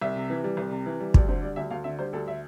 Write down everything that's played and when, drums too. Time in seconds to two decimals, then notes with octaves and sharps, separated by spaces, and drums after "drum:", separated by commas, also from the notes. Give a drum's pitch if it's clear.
0.02 C2 E5
0.16 C3
0.30 E3
0.44 G3
0.57 C2
0.71 C3
0.86 E3
1.00 G3
1.14 D2 D5, drum: kick
1.29 D3 C5
1.42 G3 D5
1.56 D2 E5
1.71 D2 F5
1.84 D3 E5
1.99 G3 C5
2.13 D2 A4
2.28 E5